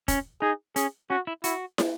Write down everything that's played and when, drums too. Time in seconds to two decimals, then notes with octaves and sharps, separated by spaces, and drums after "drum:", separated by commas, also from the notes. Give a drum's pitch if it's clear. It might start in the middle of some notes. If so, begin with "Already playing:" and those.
0.08 C#4, drum: kick, hi-hat
0.42 D#4 G#4
0.76 C#4 G#4, drum: hi-hat
1.10 C#4 F#4
1.27 E4
1.44 E4 F#4, drum: hi-hat
1.78 drum: snare